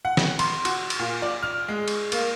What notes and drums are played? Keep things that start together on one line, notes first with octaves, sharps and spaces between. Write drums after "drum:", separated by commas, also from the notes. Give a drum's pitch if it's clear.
F#5
drum: snare
C6, drum: cymbal
F#4, drum: cymbal
drum: cymbal
A#2
D5
F6
G#3
drum: cymbal
A#3, drum: cymbal